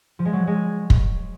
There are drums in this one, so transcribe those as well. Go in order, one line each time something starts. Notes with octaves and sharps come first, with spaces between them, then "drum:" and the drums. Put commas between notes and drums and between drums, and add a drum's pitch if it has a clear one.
F3
G#3
F#3
G#3
drum: kick